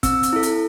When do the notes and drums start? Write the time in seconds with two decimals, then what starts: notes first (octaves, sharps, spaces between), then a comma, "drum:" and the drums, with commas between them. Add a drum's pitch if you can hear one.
0.03 C4 E6, drum: kick, hi-hat
0.23 drum: hi-hat
0.33 E4 A4
0.43 drum: hi-hat